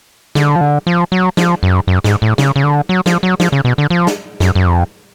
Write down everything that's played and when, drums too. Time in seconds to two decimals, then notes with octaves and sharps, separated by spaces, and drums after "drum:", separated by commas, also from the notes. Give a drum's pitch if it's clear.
0.35 D3, drum: snare
0.56 F3
0.61 D3
0.87 F3
1.12 F#3
1.37 F3, drum: snare
1.63 F#2
1.87 F#2
2.04 G#2, drum: snare
2.22 A2
2.38 C#3, drum: snare
2.56 C#3
2.64 D3
2.89 F#3
3.06 F3, drum: snare
3.23 F#3
3.40 F3, drum: snare
3.52 C#3
3.65 B2
3.78 D3
3.90 F3
4.07 drum: snare
4.40 F#2, drum: snare
4.55 F#2
4.66 F2